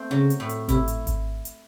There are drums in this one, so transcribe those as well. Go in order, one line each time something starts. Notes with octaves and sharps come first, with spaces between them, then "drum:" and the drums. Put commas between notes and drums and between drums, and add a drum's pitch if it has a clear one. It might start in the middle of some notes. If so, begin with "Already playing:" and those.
Already playing: A3 C4
C#3 F#3
drum: hi-hat
A2
drum: hi-hat
C3 E4, drum: kick G#1, hi-hat
drum: hi-hat
drum: kick G#1, hi-hat
drum: hi-hat